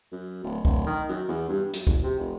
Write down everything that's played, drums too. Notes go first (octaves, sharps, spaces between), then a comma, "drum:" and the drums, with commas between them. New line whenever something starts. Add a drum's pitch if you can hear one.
F#2
D1
D1, drum: kick
D#3
F#2
E2
G2
F#2, drum: hi-hat
F#1, drum: kick
C3
F1